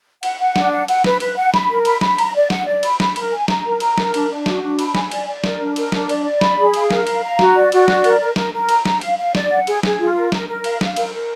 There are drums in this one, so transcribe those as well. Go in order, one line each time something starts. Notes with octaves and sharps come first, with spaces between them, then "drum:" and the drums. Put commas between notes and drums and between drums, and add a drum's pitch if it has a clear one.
F#5, drum: cymbal
F#5
D4, drum: snare
F#5
F#5, drum: cymbal
B4, drum: snare
B4, drum: cymbal
F#5
B5, drum: snare
A#4
B5, drum: cymbal
B5, drum: snare
A#5, drum: cymbal
D5
F#5, drum: snare
D5
B5, drum: cymbal
B5, drum: snare
A#4, drum: cymbal
G#5
A#5, drum: snare
A#4
A#5, drum: cymbal
A#4, drum: snare
D4, drum: cymbal
D4
F#4, drum: snare
D4
B5, drum: cymbal
G#5, drum: snare
D5, drum: cymbal
D5
A#4, drum: snare
D4
A#4, drum: cymbal
D4, drum: snare
D5, drum: cymbal
D5
B5, drum: snare
G#4
F5, drum: cymbal
A#4, drum: snare
F5, drum: cymbal
A#5
F#4, drum: snare
D5
F#4, drum: cymbal
D5, drum: snare
A#4, drum: cymbal
A#4
A#4, drum: snare
A#4
A#5, drum: cymbal
A#5, drum: snare
F5, drum: cymbal
F5
D5, drum: snare
F#5
G#4, drum: cymbal
G#4, drum: snare
F4
A#4
A#4, drum: snare
A#4
F5, drum: cymbal
F5, drum: snare
A#4, drum: cymbal
A#4